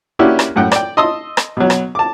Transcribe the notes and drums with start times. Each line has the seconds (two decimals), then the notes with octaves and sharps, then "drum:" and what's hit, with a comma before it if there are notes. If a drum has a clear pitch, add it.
0.19 A#3 C#4 D4 E4 F#4 G4
0.39 drum: rim click
0.56 F#2 A2 F#5 G5
0.72 D5 G5, drum: rim click
0.97 D#5 A5 C6 D#6 E6
1.37 drum: rim click
1.57 B2 F#3
1.70 drum: rim click
1.95 A5 D6